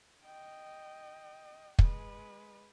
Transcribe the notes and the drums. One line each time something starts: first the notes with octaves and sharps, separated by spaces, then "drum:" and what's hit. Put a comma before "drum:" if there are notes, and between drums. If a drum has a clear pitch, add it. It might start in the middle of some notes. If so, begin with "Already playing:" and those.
D#5 G5
G#3 B4, drum: kick